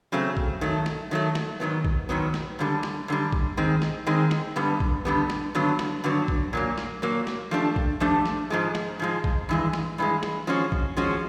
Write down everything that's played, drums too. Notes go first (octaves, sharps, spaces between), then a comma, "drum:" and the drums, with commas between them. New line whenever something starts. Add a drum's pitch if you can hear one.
C#3 F#3 A3 C4
drum: kick A#1
D#3 F#3 A3
drum: snare
D#3 F#3 A3
drum: snare
G#2 D#3 F#3 B3
drum: kick A#1
G#2 D#3 F#3 B3
drum: snare
F#2 D3 G3
drum: snare
F#2 D3 G3
drum: kick A#1
D#3 G#3 C4
drum: snare
D#3 G#3 C4
drum: snare
G2 D3 G3 B3
drum: kick A#1
G2 D3 G3 B3
drum: snare
G2 D3 F#3 B3
drum: snare
G2 D3 F#3 B3
drum: kick A#1
A#2 F#3 A#3
drum: snare
A#2 F#3 A#3
drum: snare
F3 A3 D4 G4
drum: kick A#1
F3 A3 D4 G4
drum: snare
G#2 F3 G#3
drum: snare
G#2 F3 G#3
drum: kick A#1
G2 E3 G#3
drum: snare
G2 E3 G#3
drum: snare
F3 G#3 C#4 F#4
drum: kick A#1
F3 G#3 C#4 F#4